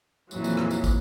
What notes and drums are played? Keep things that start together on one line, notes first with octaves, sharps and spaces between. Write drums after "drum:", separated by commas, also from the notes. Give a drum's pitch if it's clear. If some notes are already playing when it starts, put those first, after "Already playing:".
F2 A#2 E3 F#3, drum: tambourine
drum: tambourine
drum: rim click
drum: tambourine
drum: kick, tambourine